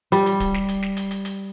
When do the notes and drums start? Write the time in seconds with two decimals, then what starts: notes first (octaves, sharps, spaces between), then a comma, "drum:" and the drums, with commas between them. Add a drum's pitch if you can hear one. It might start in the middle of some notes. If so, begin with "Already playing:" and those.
0.12 G3, drum: hi-hat
0.26 drum: hi-hat
0.40 drum: kick D1, hi-hat
0.54 drum: snare
0.68 drum: hi-hat
0.82 drum: snare
0.97 drum: hi-hat
1.11 drum: hi-hat
1.25 drum: hi-hat